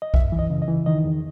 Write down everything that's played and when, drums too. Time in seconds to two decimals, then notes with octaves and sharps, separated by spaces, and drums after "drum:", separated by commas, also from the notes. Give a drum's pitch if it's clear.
0.02 D#5
0.14 F#2 E5, drum: kick
0.32 E3
0.39 D#5
0.50 C#3
0.62 D#5
0.68 E3
0.86 D#3 D#5
1.05 E2